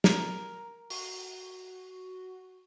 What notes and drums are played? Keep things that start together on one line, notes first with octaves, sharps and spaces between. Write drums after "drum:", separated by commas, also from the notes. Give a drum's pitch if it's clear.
A#4 A#5, drum: snare
F#4, drum: open hi-hat